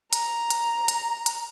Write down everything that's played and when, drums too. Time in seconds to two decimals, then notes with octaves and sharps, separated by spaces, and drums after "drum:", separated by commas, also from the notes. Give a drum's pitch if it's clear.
0.13 A#5, drum: hi-hat
0.50 drum: hi-hat
0.88 drum: hi-hat
1.26 drum: hi-hat